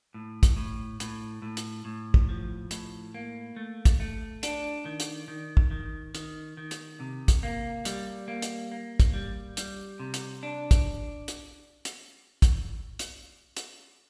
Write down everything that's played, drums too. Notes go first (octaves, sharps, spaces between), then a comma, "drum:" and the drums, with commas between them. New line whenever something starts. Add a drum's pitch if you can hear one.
A2
drum: kick, hi-hat
A2
A2, drum: hi-hat
A2
drum: hi-hat
A2
drum: kick
F3
A2, drum: hi-hat
A#3
A3
drum: kick, hi-hat
A3
D4, drum: hi-hat
D#3
drum: hi-hat
D#3
drum: kick
D#3
D#3, drum: hi-hat
D#3
drum: hi-hat
C3
drum: kick, hi-hat
A#3
G3, drum: hi-hat
A#3
drum: hi-hat
A#3
drum: kick, hi-hat
G3
G3, drum: hi-hat
C3
drum: hi-hat
D4
drum: kick, hi-hat
drum: hi-hat
drum: hi-hat
drum: kick, hi-hat
drum: hi-hat
drum: hi-hat